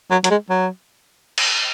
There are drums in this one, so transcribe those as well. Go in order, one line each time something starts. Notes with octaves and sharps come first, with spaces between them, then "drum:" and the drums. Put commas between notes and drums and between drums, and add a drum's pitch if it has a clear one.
F#3
F#3, drum: hi-hat
G#3
F#3
drum: cymbal